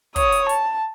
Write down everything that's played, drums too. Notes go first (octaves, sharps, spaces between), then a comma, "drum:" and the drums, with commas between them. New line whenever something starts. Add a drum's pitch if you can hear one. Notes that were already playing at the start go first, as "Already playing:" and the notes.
C#5 D#6, drum: kick, hi-hat
drum: hi-hat
A5, drum: hi-hat